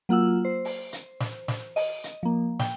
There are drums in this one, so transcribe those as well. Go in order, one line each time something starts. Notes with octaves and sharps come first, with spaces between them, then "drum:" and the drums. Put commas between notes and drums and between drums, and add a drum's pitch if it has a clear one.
F#3 A#3 F4 F#5 E6
C5
drum: open hi-hat
drum: hi-hat
drum: snare
drum: snare
D#5, drum: open hi-hat
drum: hi-hat
F3 A#3
G5, drum: snare